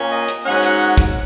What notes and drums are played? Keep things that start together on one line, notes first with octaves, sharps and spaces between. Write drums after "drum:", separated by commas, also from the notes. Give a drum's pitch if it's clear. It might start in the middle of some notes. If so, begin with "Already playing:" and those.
Already playing: A#2 A#3 C#4
D#5
drum: hi-hat
G#2 F#3 C#4 F#5
drum: hi-hat
drum: kick, hi-hat